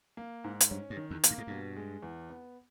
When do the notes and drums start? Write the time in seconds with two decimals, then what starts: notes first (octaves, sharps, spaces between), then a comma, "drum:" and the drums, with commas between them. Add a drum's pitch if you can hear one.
0.17 A#3
0.44 G#2
0.60 drum: hi-hat
0.71 G2 C#4
0.90 G2
0.97 D#3
1.11 E2
1.24 A#3, drum: hi-hat
1.31 G2
1.38 G#2
1.47 G2 B2
1.76 G#3
2.03 E2
2.30 B3